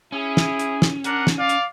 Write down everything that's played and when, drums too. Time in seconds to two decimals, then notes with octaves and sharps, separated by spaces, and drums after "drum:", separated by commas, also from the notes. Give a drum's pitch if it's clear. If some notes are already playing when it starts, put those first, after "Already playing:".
0.12 C#4 E4 G#4
0.37 drum: snare
0.59 drum: hi-hat
0.82 drum: snare
1.04 D4 A#4 F#5, drum: hi-hat
1.27 drum: snare
1.39 D5 F5
1.49 drum: hi-hat